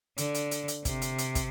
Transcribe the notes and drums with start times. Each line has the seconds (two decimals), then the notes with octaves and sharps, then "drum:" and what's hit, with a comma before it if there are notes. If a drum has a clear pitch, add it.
0.18 D3, drum: hi-hat
0.35 drum: hi-hat
0.51 drum: hi-hat
0.68 drum: hi-hat
0.85 C3, drum: kick, hi-hat
1.02 drum: hi-hat
1.19 drum: hi-hat
1.35 drum: kick, hi-hat